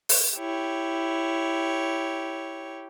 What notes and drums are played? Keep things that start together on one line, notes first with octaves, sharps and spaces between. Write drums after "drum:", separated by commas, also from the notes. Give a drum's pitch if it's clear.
drum: open hi-hat
E4 G4 C#5